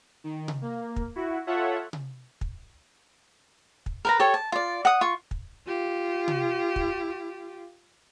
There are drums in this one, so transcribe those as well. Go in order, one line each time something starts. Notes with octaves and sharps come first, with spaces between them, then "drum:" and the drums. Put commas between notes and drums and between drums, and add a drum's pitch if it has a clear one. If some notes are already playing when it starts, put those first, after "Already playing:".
D#3
drum: tom C3
A#3
drum: kick
E4 F#4
F4 A4 C#5 E5 F#5
drum: tom C3
drum: kick
drum: kick
A#4 B4 A#5
G4 A4 C#5
A5
F4 D5
F#5 D#6
F4 C#6
drum: kick
F4 G4
drum: tom C3
drum: kick